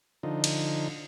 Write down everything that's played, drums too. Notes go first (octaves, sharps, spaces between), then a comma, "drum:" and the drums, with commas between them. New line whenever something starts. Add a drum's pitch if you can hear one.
D3 F3 D#4
drum: cymbal